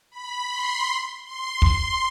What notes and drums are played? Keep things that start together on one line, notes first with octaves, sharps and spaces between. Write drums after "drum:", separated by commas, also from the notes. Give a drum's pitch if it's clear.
B5
C6
C6
C6, drum: kick